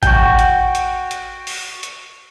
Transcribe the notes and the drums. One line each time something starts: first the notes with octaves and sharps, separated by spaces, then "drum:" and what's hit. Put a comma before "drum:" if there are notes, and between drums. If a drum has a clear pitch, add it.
F#4 G5, drum: kick G#1, hi-hat
drum: hi-hat
drum: hi-hat
drum: hi-hat
drum: open hi-hat
drum: hi-hat